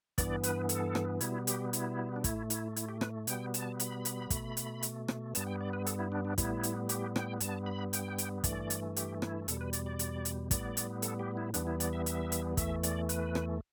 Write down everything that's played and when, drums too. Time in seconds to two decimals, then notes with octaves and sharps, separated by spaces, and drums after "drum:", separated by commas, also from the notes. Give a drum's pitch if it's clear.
0.18 G2 E3 B3 D5, drum: kick, hi-hat
0.43 B4, drum: hi-hat
0.69 A4, drum: hi-hat
0.95 drum: rim click
1.21 B2 G3 B3 E4, drum: hi-hat
1.47 G4, drum: hi-hat
1.73 E4, drum: hi-hat
2.16 D4
2.24 A2 A3 E4, drum: kick, hi-hat
2.50 E4, drum: hi-hat
2.76 E4, drum: hi-hat
2.89 G4
3.01 B4, drum: rim click
3.27 B2 G3 B3 G5, drum: hi-hat
3.54 A5, drum: hi-hat
3.80 B5, drum: hi-hat
4.05 drum: hi-hat
4.30 B2 A3, drum: kick, hi-hat
4.57 drum: hi-hat
4.83 drum: hi-hat
5.08 drum: rim click
5.35 G2 G3 B3 A5, drum: hi-hat
5.47 G5
5.61 D5
5.73 B4
5.86 A4, drum: hi-hat
5.99 E4
6.12 D4
6.25 D4
6.38 A2 G3 B3 E4, drum: kick, hi-hat
6.63 drum: hi-hat
6.89 G4, drum: hi-hat
7.16 G5, drum: rim click
7.40 G2 G3 B3 A5, drum: hi-hat
7.66 B5
7.93 G5, drum: hi-hat
8.18 drum: hi-hat
8.44 G2 E3 A3 D5, drum: kick, hi-hat
8.70 drum: hi-hat
8.96 G4, drum: hi-hat
9.22 E4, drum: rim click
9.48 E2 B2 G3 A4, drum: hi-hat
9.61 B4
9.73 D5, drum: hi-hat
9.86 D5
9.99 drum: hi-hat
10.25 drum: hi-hat
10.51 A2 G3 B3 D5, drum: kick, hi-hat
10.77 drum: hi-hat
11.02 A4, drum: hi-hat
11.19 G4
11.37 E4
11.54 E2 E3 G3 B3 D4, drum: hi-hat
11.67 E4
11.80 D5, drum: hi-hat
11.93 E5
12.06 E5, drum: hi-hat
12.32 drum: hi-hat
12.57 E2 E3 A3 E5, drum: kick, hi-hat
12.83 D5, drum: hi-hat
13.09 B4, drum: hi-hat
13.35 drum: rim click